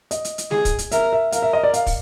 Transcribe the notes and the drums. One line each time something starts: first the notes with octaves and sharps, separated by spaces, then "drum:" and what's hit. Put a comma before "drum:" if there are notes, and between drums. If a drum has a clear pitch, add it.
D#5, drum: hi-hat
drum: hi-hat
drum: hi-hat
G#4, drum: snare G#3
drum: kick, hi-hat
drum: hi-hat
A#4 E5, drum: hi-hat
E5
A#4 F5, drum: hi-hat
E5
D#5
D5
F5, drum: hi-hat
drum: kick, open hi-hat